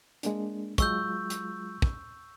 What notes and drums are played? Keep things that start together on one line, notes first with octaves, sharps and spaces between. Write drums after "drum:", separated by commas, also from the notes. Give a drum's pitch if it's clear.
G#3 A#3 D4, drum: hi-hat
F#3 G#3 F4 C#6 E6 G6, drum: kick, hi-hat
drum: hi-hat
drum: kick